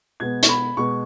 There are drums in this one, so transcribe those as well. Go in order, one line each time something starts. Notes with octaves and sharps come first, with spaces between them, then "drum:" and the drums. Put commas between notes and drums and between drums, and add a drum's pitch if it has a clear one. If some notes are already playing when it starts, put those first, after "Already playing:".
B2 G#3 B3 G#6
C#6, drum: hi-hat
B5
B2 G#3 B3 C#6